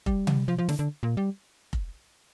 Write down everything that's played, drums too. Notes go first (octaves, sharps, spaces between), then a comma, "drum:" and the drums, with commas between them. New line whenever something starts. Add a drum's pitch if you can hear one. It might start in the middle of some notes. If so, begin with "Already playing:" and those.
G3, drum: kick F1
drum: tom C3
F3
F3
D3, drum: snare
D3
A#2
G3
drum: kick F1